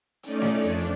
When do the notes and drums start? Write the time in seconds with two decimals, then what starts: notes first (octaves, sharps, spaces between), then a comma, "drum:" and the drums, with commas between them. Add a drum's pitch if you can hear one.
0.23 A3 C#4 D#4 D5, drum: hi-hat
0.42 drum: snare
0.62 F2 D4, drum: hi-hat
0.79 drum: hi-hat